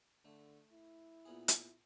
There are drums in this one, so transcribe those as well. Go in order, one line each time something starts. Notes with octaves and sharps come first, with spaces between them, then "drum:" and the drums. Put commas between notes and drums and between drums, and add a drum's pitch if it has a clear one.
D3 A3
E4
A#2 B3 G#4
drum: hi-hat